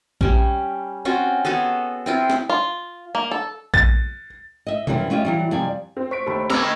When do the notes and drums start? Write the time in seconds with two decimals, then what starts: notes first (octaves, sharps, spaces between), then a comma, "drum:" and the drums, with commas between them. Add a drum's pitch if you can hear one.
0.21 G3 C#4, drum: kick A#1
1.05 C4 C#4 F4 F#4
1.45 B3 F#4 G#4 A4
2.06 C4 E4 F4
2.30 drum: snare C4
2.50 F4
3.15 A#3
3.31 A4
3.74 A6, drum: kick A#1
4.67 D#5 E5
4.87 F#2 E3 F3 G3 C#4, drum: tom B2
5.11 C#4 F4 G4 D#5 E5
5.25 E3 F#3 G3
5.51 F2 C3 G3 D5 G#5
5.97 C4
6.11 C5 C#6 B6 D7
6.26 D#2 A3 G4 B5
6.50 B4 G5 A#5 D6 E6 F6 G#6, drum: snare C4
6.62 A3 D#5 C#6 F6